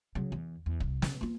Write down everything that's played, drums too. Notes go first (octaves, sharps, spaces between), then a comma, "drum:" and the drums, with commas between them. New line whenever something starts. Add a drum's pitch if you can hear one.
C#3 F#3
E2
E2
C2, drum: kick
C#3, drum: snare
A#3 F4